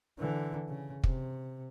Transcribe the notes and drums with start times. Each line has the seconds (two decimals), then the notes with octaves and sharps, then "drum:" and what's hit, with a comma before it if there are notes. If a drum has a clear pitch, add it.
0.18 D3 E3
0.68 C#3
1.04 C3, drum: kick